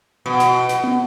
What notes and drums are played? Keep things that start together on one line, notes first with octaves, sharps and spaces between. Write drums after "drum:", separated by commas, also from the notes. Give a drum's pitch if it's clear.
B2
drum: snare
drum: snare
drum: tom B3